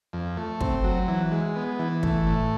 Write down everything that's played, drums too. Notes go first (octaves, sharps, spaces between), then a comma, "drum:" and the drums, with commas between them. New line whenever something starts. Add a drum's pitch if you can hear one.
F2
A3
C4, drum: kick
F#3
E3
G#3
B3
E3
A3, drum: kick
A2